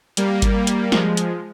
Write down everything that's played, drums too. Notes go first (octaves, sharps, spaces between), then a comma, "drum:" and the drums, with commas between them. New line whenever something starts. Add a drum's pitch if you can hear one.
G3 A#3, drum: hi-hat
drum: kick G#1, hi-hat
drum: hi-hat
F3 G#3, drum: snare
drum: hi-hat